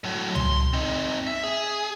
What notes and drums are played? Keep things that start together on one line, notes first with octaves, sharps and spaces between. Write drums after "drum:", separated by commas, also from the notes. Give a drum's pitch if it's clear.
A2 F#3
C6, drum: tom C#2
C4 D#4
E5
G#4